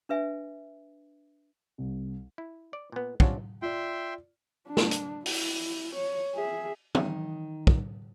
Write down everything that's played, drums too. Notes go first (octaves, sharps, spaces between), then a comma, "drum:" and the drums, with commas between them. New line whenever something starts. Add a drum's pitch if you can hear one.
D4 B4 E5 G#5
C2
E4
D5
A#2 B3
C3 F#3 C#4 D4 F4 F#4, drum: kick
F4 D5 E5 G5 C6
D4
drum: snare
drum: hi-hat
E4, drum: open hi-hat
C#5
G#4 E5
D#3, drum: tom
drum: kick